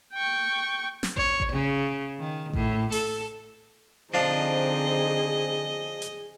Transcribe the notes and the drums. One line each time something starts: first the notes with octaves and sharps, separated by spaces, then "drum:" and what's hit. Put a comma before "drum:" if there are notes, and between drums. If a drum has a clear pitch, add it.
G5 C#6
drum: snare
C#5, drum: kick A1
drum: kick A1
C#3
D#3
A2, drum: kick A1
A4, drum: open hi-hat
D3 F3 C4 D4 D#4 G#4 D#5 F5
drum: hi-hat